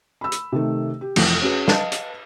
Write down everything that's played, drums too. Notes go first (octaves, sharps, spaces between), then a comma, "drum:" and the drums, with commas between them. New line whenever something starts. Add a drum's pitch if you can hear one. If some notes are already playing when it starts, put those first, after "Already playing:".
B5 E6
drum: hi-hat
C3 D#3 A3
G4
F1 F2 E3, drum: cymbal
C#4 F#4 G#4 B4
B4 D#5 F5 A5, drum: snare
drum: hi-hat